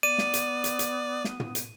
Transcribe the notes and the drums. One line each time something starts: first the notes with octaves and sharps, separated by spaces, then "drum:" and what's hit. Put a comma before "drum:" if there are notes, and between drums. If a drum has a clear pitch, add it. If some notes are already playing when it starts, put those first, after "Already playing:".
B3 D5 D#7
drum: snare
drum: hi-hat
drum: hi-hat
drum: hi-hat
drum: snare
drum: tom
drum: hi-hat